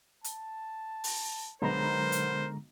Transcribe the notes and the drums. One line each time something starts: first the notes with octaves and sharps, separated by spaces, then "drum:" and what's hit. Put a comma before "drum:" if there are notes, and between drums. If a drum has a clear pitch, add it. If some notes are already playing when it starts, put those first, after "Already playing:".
A5, drum: hi-hat
drum: open hi-hat
B1 D3 G#3 B3 A#4 C5 A#5 B5
drum: hi-hat